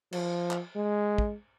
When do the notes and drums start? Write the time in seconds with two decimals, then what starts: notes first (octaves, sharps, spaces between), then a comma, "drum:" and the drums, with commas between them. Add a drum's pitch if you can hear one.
0.12 F3, drum: cymbal
0.51 drum: clap
0.76 G#3
1.18 drum: kick